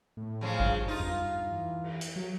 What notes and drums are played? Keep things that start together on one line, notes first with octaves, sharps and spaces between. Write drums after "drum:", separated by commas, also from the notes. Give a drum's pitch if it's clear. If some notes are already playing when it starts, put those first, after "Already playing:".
A2
F2 C#3 G#3
G2, drum: kick
D#4 F4
drum: tom F2
E3
drum: cymbal
drum: hi-hat
F#3